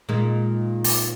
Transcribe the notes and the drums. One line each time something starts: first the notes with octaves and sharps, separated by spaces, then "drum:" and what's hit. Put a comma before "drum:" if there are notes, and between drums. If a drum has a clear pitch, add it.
A#2 D#3 G#3
drum: open hi-hat